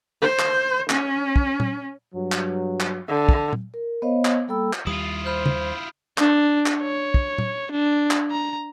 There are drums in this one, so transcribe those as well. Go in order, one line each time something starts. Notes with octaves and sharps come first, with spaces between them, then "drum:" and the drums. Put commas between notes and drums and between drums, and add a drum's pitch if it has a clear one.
C5
drum: clap
C#4, drum: clap
drum: kick
drum: tom A#2
G2 F#3
drum: clap
drum: clap
D3
drum: kick
drum: tom A#2
A#4
B3 C5 C#5 D#5 F5
drum: clap
G3 A#3 A4 G5 B5 E6
drum: clap
D#2 G3 E4 F4 D#6
C5 B5 F6 G6
drum: tom
D4, drum: clap
drum: clap
C#5
drum: kick
drum: tom A#2
D4
drum: clap
A#5